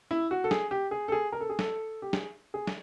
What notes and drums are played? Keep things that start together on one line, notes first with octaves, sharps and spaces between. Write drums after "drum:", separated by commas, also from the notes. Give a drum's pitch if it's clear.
E4
F#4
A4
G#4, drum: snare
G4
G#4
A4
G#4
A#4
A4
G#4
A4, drum: snare
G4
G#4, drum: snare
G#4
drum: snare